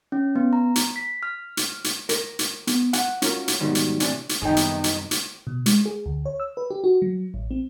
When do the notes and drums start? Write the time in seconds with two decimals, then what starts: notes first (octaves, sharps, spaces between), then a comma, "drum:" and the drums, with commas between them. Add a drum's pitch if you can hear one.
0.12 C#4
0.36 B3
0.53 A#5
0.76 drum: hi-hat
0.96 B6
1.23 F6
1.57 drum: hi-hat
1.84 drum: hi-hat
2.09 A#4, drum: hi-hat
2.39 drum: hi-hat
2.67 B3, drum: hi-hat
2.93 F#5, drum: hi-hat
3.22 C#4 F4 F#4 A#4, drum: hi-hat
3.48 drum: hi-hat
3.60 G#2 B2 D#3 F#3 G3
3.75 drum: hi-hat
4.00 A2 C3 E3 D4, drum: hi-hat
4.29 drum: hi-hat
4.42 F#2 C3 D#3 G3 B3 D#4 G#4 G5
4.57 drum: hi-hat
4.84 drum: hi-hat
5.11 drum: hi-hat
5.47 B2
5.66 G#3, drum: hi-hat
5.86 G#4
6.06 D2
6.26 C#5
6.40 E6
6.57 B4
6.71 G4
6.84 F#4
7.02 F#3
7.34 A1
7.51 C4